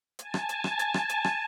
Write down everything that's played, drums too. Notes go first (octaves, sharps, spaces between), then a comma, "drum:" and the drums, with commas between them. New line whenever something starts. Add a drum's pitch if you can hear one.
G#5 A5, drum: hi-hat
drum: rim click
drum: hi-hat
drum: rim click
drum: hi-hat
drum: rim click
drum: hi-hat
drum: rim click